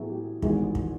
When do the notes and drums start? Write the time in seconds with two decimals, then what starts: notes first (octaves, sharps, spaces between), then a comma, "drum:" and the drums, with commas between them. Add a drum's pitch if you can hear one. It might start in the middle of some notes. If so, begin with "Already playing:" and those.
Already playing: A2 F#3 B3 E4 G#4
0.10 G4
0.42 G#1 G#2 E3 G3 B3 G#4, drum: kick
0.75 drum: kick